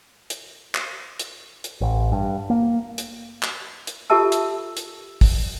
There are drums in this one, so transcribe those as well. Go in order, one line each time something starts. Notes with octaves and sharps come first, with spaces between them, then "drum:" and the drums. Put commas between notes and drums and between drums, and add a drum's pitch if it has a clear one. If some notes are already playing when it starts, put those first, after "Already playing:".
drum: hi-hat
drum: clap
drum: hi-hat
drum: hi-hat
A1
G2
A#3
drum: hi-hat
drum: clap
drum: hi-hat
F4 G4 A4 E5 A5 E6
drum: hi-hat
drum: hi-hat
drum: kick, open hi-hat